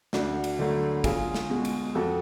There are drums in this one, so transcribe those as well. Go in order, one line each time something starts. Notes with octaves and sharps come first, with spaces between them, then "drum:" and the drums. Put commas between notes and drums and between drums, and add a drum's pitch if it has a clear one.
D2 D4 F#4, drum: snare
drum: cymbal
D3 F#3 A3
B1 F4 G#4, drum: kick, cymbal
drum: snare
B2 G#3
drum: cymbal
F2 F#4 A4